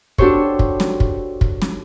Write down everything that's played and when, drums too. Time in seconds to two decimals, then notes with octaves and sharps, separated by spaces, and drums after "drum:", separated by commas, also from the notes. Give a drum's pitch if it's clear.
0.18 D4 F#4 G4 A4 C5 C#5, drum: kick
0.59 drum: kick
0.80 drum: snare
1.00 drum: kick
1.41 drum: kick
1.62 drum: snare